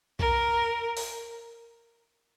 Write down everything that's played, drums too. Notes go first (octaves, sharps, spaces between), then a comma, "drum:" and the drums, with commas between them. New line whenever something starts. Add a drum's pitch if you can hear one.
A#4, drum: kick
drum: open hi-hat